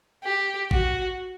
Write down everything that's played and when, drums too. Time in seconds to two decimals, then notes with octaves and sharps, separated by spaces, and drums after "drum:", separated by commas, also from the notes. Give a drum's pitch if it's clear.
0.24 G4
0.71 F#4, drum: kick A1